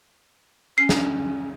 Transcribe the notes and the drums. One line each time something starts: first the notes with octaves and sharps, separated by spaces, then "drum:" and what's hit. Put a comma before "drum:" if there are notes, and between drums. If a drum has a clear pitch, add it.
C#4 C7
drum: snare